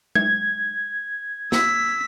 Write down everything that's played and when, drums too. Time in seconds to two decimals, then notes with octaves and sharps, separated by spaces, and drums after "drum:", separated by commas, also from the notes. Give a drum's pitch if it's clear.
0.15 G#6, drum: tom G#3
1.52 E6 B6, drum: snare